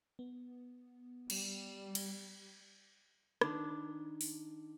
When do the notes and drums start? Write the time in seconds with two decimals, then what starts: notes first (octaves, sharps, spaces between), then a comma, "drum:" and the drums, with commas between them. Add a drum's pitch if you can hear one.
0.19 B3
1.30 G3, drum: cymbal
1.95 drum: cymbal
3.41 D#3 D4, drum: rim click
4.21 drum: open hi-hat